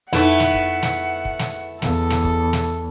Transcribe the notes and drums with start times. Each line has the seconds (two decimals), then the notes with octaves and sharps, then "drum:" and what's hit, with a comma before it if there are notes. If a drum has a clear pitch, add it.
0.13 F2 A3 B3 D#4 E4 F#5, drum: snare
0.40 drum: snare
0.54 drum: kick
0.83 drum: snare
1.25 drum: kick
1.39 drum: snare
1.82 E2 A4, drum: snare
2.10 drum: snare
2.25 drum: kick
2.53 drum: snare